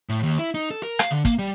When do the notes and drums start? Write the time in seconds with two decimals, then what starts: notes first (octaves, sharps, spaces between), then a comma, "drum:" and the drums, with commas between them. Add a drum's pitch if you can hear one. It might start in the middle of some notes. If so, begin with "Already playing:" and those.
0.09 A2
0.23 D#2
0.39 E4
0.54 D#4
0.70 A4
0.83 A#4
0.99 F5, drum: rim click
1.11 D3
1.25 A#3, drum: kick, hi-hat
1.39 G3